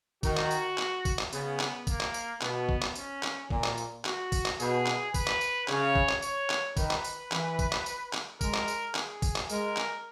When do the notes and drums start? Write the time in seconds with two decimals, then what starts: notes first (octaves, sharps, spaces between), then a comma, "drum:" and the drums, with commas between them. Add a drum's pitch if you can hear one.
0.23 D#3 F#4, drum: kick, tambourine
0.37 drum: clap
0.51 drum: tambourine
0.78 drum: clap
1.05 drum: kick, tambourine
1.19 drum: clap
1.33 C#3 B3, drum: tambourine
1.60 drum: clap
1.87 A#3, drum: kick, tambourine
2.01 drum: clap
2.14 drum: tambourine
2.42 B2 B3, drum: clap
2.69 drum: kick
2.82 drum: clap
2.95 C#4, drum: tambourine
3.23 drum: clap
3.50 A#2, drum: kick
3.64 drum: clap
3.78 drum: tambourine
4.05 F#4, drum: clap
4.32 drum: kick, tambourine
4.46 drum: clap
4.60 B2 G#4, drum: tambourine
4.87 drum: clap
5.14 B4, drum: kick, tambourine
5.27 drum: clap
5.41 drum: tambourine
5.68 C#3 C#5, drum: clap
5.96 drum: kick
6.09 drum: clap
6.22 C#5, drum: tambourine
6.50 drum: clap
6.77 D#3 B4, drum: kick, tambourine
6.91 drum: clap
7.04 drum: tambourine
7.32 E3, drum: clap
7.59 drum: kick, tambourine
7.73 drum: clap
7.86 drum: tambourine
8.13 drum: clap
8.41 G#3 A#4, drum: kick, tambourine
8.54 drum: clap
8.68 drum: tambourine
8.95 G#4, drum: clap
9.22 drum: kick, tambourine
9.36 drum: clap
9.50 G#3 A#4, drum: tambourine
9.77 drum: clap